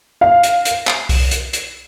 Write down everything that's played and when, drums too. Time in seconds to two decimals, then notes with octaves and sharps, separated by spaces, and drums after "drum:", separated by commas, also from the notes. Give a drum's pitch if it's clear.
0.21 F5
0.43 drum: hi-hat
0.65 drum: hi-hat
0.87 drum: clap
1.09 drum: kick C2, open hi-hat
1.31 drum: hi-hat
1.53 drum: hi-hat